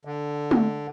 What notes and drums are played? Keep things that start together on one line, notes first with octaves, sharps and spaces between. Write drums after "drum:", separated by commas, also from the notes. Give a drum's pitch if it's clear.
D3
drum: tom